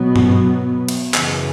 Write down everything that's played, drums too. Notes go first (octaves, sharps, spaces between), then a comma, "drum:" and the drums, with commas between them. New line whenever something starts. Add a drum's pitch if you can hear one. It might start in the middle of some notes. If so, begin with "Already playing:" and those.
Already playing: B2 F#3 B3
drum: tom
drum: cymbal
F#2 C#3 E3, drum: clap